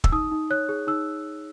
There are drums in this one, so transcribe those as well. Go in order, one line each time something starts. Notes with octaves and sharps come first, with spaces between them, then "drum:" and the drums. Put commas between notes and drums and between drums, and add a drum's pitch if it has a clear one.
E6, drum: kick
D#4 D#6
D#4
C#5 F#6
G#4
D#4 E6